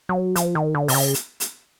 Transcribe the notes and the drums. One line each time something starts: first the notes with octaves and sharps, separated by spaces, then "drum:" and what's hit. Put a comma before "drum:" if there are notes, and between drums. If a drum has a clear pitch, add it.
F#3
F3, drum: hi-hat
D#3
D3
C3, drum: open hi-hat
C#3
drum: hi-hat
drum: hi-hat